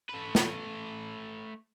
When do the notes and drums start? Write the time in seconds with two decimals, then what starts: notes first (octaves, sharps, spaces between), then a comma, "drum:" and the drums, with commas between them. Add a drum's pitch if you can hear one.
0.09 A3 B4
0.35 drum: snare